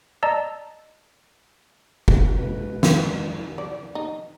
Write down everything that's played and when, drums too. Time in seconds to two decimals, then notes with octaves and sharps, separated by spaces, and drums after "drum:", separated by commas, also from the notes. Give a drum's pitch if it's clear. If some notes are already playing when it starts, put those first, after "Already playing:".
0.23 D5 D#5 A5 A#5 E6
2.08 drum: kick
2.38 G#3 B4
2.83 drum: snare
3.58 D5
3.95 D#4